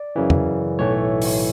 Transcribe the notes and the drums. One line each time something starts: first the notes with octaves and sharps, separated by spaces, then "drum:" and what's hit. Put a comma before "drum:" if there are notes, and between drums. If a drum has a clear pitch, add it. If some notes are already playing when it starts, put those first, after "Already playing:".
Already playing: D5
F#2 C#3 E3
drum: tom
B1 A2 E3 A3 C#5
drum: open hi-hat